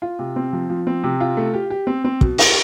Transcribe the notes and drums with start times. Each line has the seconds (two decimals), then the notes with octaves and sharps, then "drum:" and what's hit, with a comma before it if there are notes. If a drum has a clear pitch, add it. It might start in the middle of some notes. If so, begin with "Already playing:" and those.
0.02 F4
0.19 C3
0.36 C4
0.53 F3
0.70 F3
0.87 C4
1.04 C3
1.21 F4
1.37 A3
1.54 G4
1.70 G4
1.87 C4
2.04 C4
2.21 B2, drum: kick
2.38 G4, drum: open hi-hat